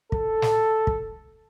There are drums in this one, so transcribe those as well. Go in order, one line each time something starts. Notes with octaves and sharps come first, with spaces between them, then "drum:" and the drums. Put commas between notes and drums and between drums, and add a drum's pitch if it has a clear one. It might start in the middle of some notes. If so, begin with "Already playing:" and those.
A4, drum: kick
drum: snare
drum: kick